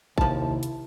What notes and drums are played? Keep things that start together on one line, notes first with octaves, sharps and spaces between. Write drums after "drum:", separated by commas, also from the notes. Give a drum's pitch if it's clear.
D#2 C3 F3 E4 A5, drum: kick
drum: hi-hat